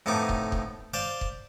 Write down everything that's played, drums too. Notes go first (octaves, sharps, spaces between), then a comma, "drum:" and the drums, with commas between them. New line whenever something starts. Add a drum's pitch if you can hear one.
F2 A2 B3 D#4 D6
drum: kick
drum: kick
C5 D5 F5 C6
drum: kick